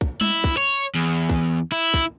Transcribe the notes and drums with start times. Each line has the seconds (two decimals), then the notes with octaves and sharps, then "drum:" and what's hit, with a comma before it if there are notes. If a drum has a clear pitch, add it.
0.01 drum: kick
0.21 E4, drum: tom G3
0.44 drum: kick
0.57 C#5
0.95 E2
1.30 drum: kick
1.72 E4
1.94 drum: kick